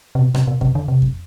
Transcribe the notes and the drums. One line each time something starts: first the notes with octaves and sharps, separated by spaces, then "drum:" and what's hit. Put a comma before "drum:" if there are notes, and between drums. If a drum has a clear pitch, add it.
C3
B2
C3, drum: rim click
B2
C3, drum: kick F2
D3
C3
drum: kick F2